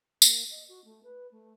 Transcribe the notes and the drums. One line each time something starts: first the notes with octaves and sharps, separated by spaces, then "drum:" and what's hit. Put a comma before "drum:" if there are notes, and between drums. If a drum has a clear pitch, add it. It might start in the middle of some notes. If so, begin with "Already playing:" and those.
A#3, drum: tambourine
D#5
F#4
A3
B4
A3